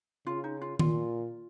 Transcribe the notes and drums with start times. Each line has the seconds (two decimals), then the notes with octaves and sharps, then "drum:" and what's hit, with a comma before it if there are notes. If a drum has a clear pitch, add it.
0.26 C#3 F4
0.44 D#4
0.62 F4
0.79 A#2 F4, drum: tom D#3